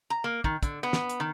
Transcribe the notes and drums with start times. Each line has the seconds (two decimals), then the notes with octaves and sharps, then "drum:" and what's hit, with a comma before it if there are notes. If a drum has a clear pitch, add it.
0.10 A#5
0.24 A#3
0.44 D#3, drum: kick
0.63 D3, drum: kick, hi-hat
0.83 B3
0.93 drum: snare
1.09 drum: hi-hat
1.20 D#3